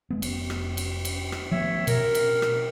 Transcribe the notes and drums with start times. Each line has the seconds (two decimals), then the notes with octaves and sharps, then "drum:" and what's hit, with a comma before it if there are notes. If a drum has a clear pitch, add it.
0.10 F1 G#3 B3
0.22 drum: cymbal
0.50 drum: rim click
0.77 drum: cymbal
1.05 drum: cymbal
1.32 drum: rim click
1.52 F3 A3 B3 C#5 E5
1.87 B2 A#4, drum: cymbal
2.15 drum: cymbal
2.42 drum: rim click